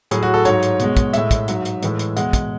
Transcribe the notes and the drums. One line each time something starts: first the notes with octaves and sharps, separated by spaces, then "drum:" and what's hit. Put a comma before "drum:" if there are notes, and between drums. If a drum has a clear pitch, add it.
A2 F#3 G#4, drum: hi-hat
F#4
A4
G#2 F#3 C#5, drum: hi-hat
drum: hi-hat
B2 G#3, drum: hi-hat
drum: kick, hi-hat
A2 G#3 E5, drum: hi-hat
drum: kick, hi-hat
G#2 F#3, drum: hi-hat
drum: hi-hat
A2 E3 G#3, drum: hi-hat
drum: hi-hat
E2 B2 G#3 F#5, drum: hi-hat
drum: kick, hi-hat